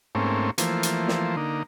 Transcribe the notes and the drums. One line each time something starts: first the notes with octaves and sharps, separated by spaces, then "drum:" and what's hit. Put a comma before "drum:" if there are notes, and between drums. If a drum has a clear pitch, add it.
G#2 A3 A#3 C4 C#4
E3 F3 A3 A#3 C5, drum: hi-hat
drum: hi-hat
drum: snare
D3 A#3 D#4